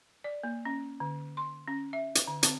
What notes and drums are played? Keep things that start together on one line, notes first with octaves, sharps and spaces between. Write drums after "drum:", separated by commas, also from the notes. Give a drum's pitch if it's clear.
D5
A#3
C#4
D3
C6
C#4
E5
drum: hi-hat
D3
C4, drum: hi-hat